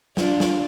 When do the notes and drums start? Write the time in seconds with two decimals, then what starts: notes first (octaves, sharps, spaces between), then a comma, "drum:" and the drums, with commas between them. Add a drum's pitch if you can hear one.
0.17 D4 F4, drum: snare
0.40 drum: snare